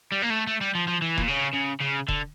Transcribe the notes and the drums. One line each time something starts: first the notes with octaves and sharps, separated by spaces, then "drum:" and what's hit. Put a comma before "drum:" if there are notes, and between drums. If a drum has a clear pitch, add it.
G3
A#3
A3
A3
G3
F3
F3
E3
A#2, drum: kick E1
C#3
C#3
C#3
D3, drum: kick E1